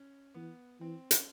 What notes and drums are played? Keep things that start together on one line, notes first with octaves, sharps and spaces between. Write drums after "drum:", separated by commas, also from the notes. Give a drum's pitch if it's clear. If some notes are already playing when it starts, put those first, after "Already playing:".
Already playing: C#4
E3 B3
E3 C4
C#4, drum: hi-hat